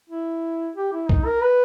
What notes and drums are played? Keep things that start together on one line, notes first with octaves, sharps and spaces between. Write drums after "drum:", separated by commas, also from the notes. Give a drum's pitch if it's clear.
E4
G4
E4
D#4, drum: kick C2
A#4
B4